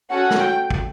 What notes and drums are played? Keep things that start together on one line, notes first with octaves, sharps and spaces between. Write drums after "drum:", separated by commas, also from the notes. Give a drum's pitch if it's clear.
C#4 F#4 A4 F#5
drum: snare
G5
drum: kick